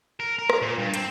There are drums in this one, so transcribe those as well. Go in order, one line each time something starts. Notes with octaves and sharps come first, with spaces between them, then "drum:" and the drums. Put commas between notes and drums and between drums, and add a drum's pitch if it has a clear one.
A#4
A#4
drum: rim click
A#2
G2
C4, drum: hi-hat